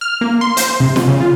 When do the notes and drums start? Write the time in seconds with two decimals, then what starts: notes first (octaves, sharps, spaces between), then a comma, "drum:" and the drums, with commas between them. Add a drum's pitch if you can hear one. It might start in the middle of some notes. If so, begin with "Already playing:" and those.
0.01 F6
0.21 A#3
0.41 C6
0.57 C5, drum: hi-hat
0.80 C3
0.96 drum: snare
1.08 C#3
1.21 F4